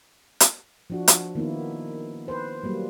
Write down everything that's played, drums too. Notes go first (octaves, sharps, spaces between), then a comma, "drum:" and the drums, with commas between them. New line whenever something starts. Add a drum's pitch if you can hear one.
drum: hi-hat
F3 D4 F#4
drum: hi-hat
D#3 A#3 B3 E4
B4 C5
F#3 G3 A#3